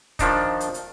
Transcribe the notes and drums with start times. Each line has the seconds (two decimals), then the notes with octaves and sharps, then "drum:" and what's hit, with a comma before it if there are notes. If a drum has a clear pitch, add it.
0.19 D#3 F3 D4 D#4, drum: kick, hi-hat
0.60 drum: hi-hat
0.74 drum: hi-hat